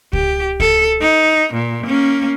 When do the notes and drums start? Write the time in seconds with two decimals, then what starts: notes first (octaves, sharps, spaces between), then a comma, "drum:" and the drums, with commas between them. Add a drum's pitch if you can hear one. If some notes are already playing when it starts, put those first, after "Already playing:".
0.13 G4, drum: kick C#2
0.60 A4, drum: kick C#2
1.01 D#4
1.54 A#2
1.86 A#3 C#4